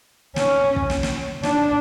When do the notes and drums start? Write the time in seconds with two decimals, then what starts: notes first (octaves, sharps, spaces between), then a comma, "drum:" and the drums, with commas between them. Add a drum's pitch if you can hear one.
0.36 C#4, drum: snare
0.76 drum: kick
0.90 drum: snare
1.03 drum: snare
1.43 D4, drum: snare